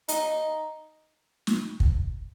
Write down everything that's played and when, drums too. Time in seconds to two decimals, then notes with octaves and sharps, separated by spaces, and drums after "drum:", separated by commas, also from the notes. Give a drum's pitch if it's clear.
0.08 D#4, drum: hi-hat
1.47 drum: snare
1.80 drum: kick